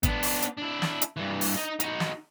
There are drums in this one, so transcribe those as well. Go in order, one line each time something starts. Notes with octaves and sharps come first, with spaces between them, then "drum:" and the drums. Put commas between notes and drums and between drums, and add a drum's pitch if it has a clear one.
B3 D4, drum: kick G#1, hi-hat
drum: open hi-hat
drum: hi-hat
D4 E4
drum: snare
drum: hi-hat
G2 E3
drum: open hi-hat
D#4 D#5
D#4 F#4, drum: hi-hat
drum: snare